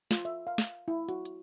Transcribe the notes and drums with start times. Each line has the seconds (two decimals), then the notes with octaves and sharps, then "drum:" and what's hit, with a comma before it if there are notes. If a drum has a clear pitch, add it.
0.11 F4, drum: snare
0.25 E5, drum: hi-hat
0.47 F5
0.58 drum: snare
0.88 E4
1.09 F#4, drum: hi-hat
1.25 drum: hi-hat